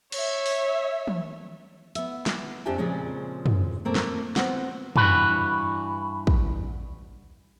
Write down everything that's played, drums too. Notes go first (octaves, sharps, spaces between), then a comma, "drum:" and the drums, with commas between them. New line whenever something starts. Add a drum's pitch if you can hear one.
C#5 E5, drum: cymbal
drum: open hi-hat
drum: tom
B3 E5, drum: hi-hat
drum: snare
F2 F3 D4 G4 E5 G#5
A#2 C#3 F3 G#3 C4 C#4
drum: tom
A3 A#3 C4
drum: snare
B3 C4 F#4 F#5, drum: snare
G2 E3 F#4 B4, drum: tom
drum: kick